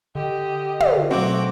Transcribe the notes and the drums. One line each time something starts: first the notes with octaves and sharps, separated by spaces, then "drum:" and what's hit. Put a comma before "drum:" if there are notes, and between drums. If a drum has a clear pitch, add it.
D3 G4 D#5
drum: tom
B2 F#3 A3 C4 F#4 D6